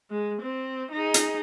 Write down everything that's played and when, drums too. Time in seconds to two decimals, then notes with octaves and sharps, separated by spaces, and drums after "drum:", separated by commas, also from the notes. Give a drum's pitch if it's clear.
0.10 G#3
0.42 C4
0.92 D#4 G#4
1.14 drum: hi-hat